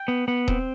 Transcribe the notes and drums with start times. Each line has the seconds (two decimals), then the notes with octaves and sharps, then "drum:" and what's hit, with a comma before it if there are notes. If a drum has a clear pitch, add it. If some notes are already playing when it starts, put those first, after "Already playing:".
Already playing: G5
0.08 B3
0.28 B3
0.48 C4, drum: kick D#1